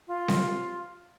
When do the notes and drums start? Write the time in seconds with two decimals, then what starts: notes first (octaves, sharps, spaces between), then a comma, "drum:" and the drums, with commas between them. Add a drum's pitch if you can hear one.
0.08 F4
0.28 drum: snare C4